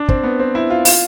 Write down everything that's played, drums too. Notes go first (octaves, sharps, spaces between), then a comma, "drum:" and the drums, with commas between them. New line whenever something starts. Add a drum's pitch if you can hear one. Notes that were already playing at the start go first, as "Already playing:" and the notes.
Already playing: D4
C4, drum: kick
B3
C4
E4
F4
F4, drum: open hi-hat